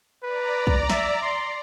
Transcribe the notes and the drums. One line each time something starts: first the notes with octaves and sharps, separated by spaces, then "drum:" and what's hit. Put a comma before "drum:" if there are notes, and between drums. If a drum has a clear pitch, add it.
B4 D5 A#5
drum: kick
E5, drum: snare
C6